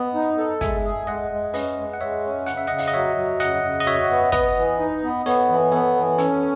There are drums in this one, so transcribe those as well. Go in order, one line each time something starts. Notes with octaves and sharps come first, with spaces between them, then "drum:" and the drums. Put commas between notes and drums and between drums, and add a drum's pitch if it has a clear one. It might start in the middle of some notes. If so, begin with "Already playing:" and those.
Already playing: B3 D#5
D#4
A4
G#3 E5 G#5, drum: kick, hi-hat
G#4
G#3 D#5 F#5
G#3
C#4 B4 D#5, drum: open hi-hat
G#3
F#5
G#3 C#5 E5
C#4
C#3 F#5, drum: hi-hat
E5
C#3 D#5 F#5
drum: open hi-hat
D#5
F#3 C#5 E5
F#3
C#3 D#5 F#5, drum: hi-hat
C#3
D#5
F#4 C#5 E5
B3
B3 B4 D#5, drum: kick, hi-hat
E3
D#4
B3
B3 A4 C#5, drum: open hi-hat
E3
B3 A4 C#5
E3
C#4 A4 C#5, drum: hi-hat